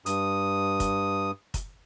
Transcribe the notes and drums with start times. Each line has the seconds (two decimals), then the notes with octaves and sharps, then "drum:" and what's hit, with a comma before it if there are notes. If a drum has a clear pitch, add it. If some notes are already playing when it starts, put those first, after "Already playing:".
0.06 G2 D#6, drum: hi-hat
0.80 drum: kick, hi-hat
1.54 drum: kick, hi-hat